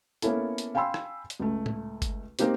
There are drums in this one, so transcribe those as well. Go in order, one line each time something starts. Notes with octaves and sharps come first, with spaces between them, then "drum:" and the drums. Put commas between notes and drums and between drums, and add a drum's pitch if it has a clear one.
A#3 B3 C#4 E4 A4, drum: hi-hat
drum: hi-hat
F5 G5 G#5 B5 C6 E6
drum: rim click
drum: hi-hat
C#2 A3
drum: tom
drum: kick G1, hi-hat
A#3 C4 D#4 G4 C5, drum: hi-hat